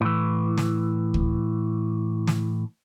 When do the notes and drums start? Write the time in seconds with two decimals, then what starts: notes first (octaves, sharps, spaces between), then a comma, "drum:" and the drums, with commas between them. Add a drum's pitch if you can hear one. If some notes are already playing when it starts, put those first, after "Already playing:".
0.01 A2 E3
0.57 drum: snare
1.14 drum: kick
2.27 drum: snare